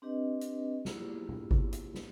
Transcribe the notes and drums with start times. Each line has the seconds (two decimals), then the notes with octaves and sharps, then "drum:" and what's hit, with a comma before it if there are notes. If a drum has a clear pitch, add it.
0.02 C4 D4 G4 B4 D#5
0.41 drum: hi-hat
0.85 A#3 B3 E4 F4 G4 G#4, drum: snare
1.29 drum: tom A#2
1.51 drum: kick G#1
1.73 drum: hi-hat
1.95 drum: snare